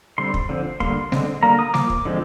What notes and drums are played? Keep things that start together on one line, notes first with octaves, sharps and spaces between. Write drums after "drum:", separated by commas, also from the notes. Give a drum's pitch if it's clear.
D3 G3 C4 C6
drum: kick
D3 F3 C4
D3 G3 A#3 C6, drum: kick
D3 G#3 C4, drum: snare
D3 G3 A#3 A#5
D#6
F3 A#3 D6, drum: snare
drum: kick
D3 F3 G#3 C4